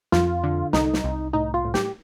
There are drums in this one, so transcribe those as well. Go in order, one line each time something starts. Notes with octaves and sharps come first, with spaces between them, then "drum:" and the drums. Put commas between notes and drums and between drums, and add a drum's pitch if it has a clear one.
F2 F4, drum: snare
D3
C2 D#4, drum: snare
drum: snare
C2
A2 D#4
F4
A2
G4, drum: snare